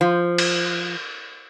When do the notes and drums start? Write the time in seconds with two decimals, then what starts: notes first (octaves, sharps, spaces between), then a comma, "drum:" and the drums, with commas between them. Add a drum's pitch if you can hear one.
0.01 F3
0.38 drum: cymbal